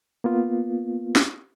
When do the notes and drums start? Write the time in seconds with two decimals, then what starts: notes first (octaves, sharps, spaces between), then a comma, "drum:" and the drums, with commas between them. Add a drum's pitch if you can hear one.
0.24 A#3 B3 F4
1.16 drum: snare